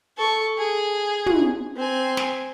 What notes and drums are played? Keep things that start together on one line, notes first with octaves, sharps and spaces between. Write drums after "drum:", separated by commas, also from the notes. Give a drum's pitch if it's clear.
A4 C#6
G#4
drum: tom
C4 G#5
drum: snare